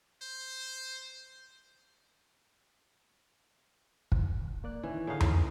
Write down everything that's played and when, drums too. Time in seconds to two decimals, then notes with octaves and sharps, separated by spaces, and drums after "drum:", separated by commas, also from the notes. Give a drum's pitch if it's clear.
0.22 C5
4.12 drum: kick
4.64 A#3 D5 F#6
4.83 D#3 E3 C#4 E4
5.07 A2 D3 D#4 G#4 F5 F#5
5.20 drum: tom E2